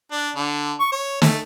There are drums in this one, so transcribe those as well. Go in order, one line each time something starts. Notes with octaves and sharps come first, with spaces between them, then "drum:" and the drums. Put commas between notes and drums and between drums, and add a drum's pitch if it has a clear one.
D4
D3
C#6
C#5
A3, drum: snare